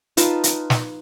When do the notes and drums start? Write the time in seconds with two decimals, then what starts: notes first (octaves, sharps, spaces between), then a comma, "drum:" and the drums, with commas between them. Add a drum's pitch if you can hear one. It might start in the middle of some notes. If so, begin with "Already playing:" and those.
0.17 D#4 F4 B4 A5, drum: hi-hat
0.44 drum: hi-hat
0.70 drum: snare